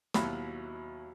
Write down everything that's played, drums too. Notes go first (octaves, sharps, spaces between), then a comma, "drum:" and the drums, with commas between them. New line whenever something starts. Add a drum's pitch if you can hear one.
D#2 B2 F#3 E4 B5, drum: snare